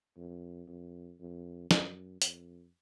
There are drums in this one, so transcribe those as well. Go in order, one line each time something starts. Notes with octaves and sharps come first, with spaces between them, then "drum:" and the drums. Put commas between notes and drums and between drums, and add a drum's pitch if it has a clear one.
F2
F2
F2
F#2, drum: snare
F2, drum: hi-hat